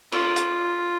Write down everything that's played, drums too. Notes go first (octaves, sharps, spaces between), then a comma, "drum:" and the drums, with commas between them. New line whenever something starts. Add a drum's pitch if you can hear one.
F4, drum: cymbal
drum: hi-hat